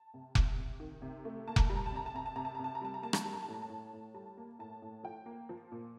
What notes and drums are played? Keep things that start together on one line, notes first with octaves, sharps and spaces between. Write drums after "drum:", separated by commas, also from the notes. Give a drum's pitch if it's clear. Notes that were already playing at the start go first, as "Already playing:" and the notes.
Already playing: A5
C3
C3, drum: kick F1
C3
D#3
C3
A3
A#3 A5
A#5, drum: kick F1
G3 A5
A#5
A5
C3 A#5
A5
C3 A#5
A5
C3 A#5
A5
C3 A#5
A5
A#5
G3 A5
A#5
A#3 A5
A#5, drum: rim click
G3 A5
A#5
A5
A2 A#5
A5
A2
A2
G3 A5
A#3
A2 A5
A2
F3 G5
A#3
F3
A#2